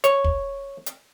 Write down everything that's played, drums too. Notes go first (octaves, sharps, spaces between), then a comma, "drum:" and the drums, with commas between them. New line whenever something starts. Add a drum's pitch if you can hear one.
C#5, drum: hi-hat
drum: kick
drum: hi-hat